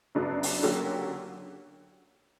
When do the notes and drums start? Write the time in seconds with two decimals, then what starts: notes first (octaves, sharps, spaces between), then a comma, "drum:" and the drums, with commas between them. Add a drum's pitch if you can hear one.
0.15 F#2 C#3 F#3 B3 D4
0.43 drum: open hi-hat
0.63 D3 F#3 A#3 C#4 G4